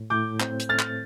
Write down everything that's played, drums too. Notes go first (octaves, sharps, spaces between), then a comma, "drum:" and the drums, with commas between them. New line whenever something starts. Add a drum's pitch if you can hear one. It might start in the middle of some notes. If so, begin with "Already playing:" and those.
Already playing: A2
A2 D6 G6
C4, drum: clap
drum: hi-hat
A3 F6 A6
drum: clap